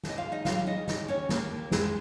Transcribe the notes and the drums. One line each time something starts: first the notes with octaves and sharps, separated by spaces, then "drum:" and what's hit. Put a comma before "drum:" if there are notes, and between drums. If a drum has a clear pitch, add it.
D#2, drum: snare
D#5
F4 F5
C#3
D#4 D#5
F#3 F4 F5, drum: snare
C#3 D#4 D#5
C#3 D#4 D#5, drum: snare
D#2 C#4 C#5
D#2 A#3 A#4, drum: snare
D#2
F2 G#3 G#4, drum: snare